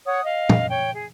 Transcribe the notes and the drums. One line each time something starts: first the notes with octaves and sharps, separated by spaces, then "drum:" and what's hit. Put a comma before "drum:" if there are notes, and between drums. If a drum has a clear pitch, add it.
C#5 F#5 D#6
D#5 F5
drum: tom
C#5 G5
G#4